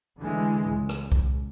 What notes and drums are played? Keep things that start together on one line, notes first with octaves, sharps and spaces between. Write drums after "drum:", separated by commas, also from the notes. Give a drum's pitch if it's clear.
D3 E3 G#3
C#2
drum: rim click
drum: kick C2